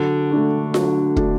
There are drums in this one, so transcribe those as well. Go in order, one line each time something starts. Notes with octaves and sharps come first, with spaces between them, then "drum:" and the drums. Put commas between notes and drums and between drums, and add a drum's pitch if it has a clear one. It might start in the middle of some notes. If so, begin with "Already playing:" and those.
Already playing: D3 F#3
A3 D4 F#4
F#3, drum: snare F4
A3 D4 F#4, drum: kick